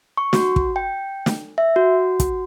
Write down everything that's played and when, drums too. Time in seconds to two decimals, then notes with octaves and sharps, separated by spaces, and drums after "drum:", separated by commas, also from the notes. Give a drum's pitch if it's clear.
0.17 C#6
0.33 F#4, drum: snare
0.56 drum: kick
0.76 G5
1.26 drum: snare
1.58 E5
1.76 F#4
2.20 drum: kick, hi-hat